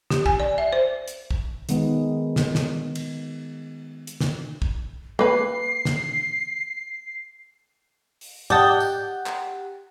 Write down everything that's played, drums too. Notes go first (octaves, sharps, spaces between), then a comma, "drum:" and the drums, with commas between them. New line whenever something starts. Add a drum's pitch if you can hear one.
G4, drum: snare
G#5, drum: kick
D5
E5
C5
drum: hi-hat
drum: kick
D#3 G#3 B3, drum: hi-hat
drum: snare
drum: snare
drum: cymbal
drum: hi-hat
drum: snare
drum: kick
A#3 B4 C7, drum: tom
drum: snare
drum: open hi-hat
G4 D5 D#5 F#5 G5 A5, drum: tom
drum: tambourine
drum: clap